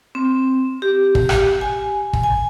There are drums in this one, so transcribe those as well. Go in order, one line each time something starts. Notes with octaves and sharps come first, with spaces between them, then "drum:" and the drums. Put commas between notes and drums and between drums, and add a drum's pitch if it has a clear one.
C4
G4
drum: kick
drum: rim click
G#5
drum: kick
G#5